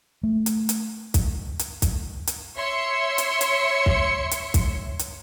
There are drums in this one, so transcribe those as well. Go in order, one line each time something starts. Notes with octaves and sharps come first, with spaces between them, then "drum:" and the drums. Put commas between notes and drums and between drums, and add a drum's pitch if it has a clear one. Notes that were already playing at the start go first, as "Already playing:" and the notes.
A3
drum: hi-hat
drum: hi-hat
drum: kick, hi-hat
drum: hi-hat
drum: kick, hi-hat
drum: hi-hat
C#5 E5 C6 C#7
drum: hi-hat
drum: hi-hat
drum: kick
drum: hi-hat
drum: kick, hi-hat
drum: hi-hat